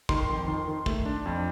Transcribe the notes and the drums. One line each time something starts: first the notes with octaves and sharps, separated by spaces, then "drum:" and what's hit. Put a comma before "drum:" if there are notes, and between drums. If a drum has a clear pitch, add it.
D#3 C6, drum: kick
F2
D#3
D#3
A3, drum: kick
D4
F2